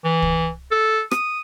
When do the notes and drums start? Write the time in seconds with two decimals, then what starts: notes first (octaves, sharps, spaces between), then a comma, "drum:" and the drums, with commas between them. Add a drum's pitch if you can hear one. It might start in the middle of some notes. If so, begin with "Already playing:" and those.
0.04 E3
0.22 drum: kick
0.72 A4
1.11 D#6, drum: rim click